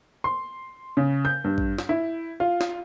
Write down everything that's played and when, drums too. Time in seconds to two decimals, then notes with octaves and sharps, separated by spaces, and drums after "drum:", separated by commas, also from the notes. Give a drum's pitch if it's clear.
0.24 C6
0.97 C#3
1.25 G6
1.44 G2
1.58 drum: kick
1.78 drum: snare
1.89 E4
2.40 F4
2.61 drum: snare